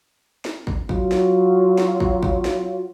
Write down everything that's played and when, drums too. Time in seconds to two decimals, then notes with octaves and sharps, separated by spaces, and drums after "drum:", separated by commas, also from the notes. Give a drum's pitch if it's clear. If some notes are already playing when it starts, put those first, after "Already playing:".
0.45 drum: snare
0.67 drum: kick
0.89 F#3 F4, drum: kick
1.11 drum: snare
1.78 drum: snare
2.00 drum: kick
2.23 drum: kick
2.45 drum: snare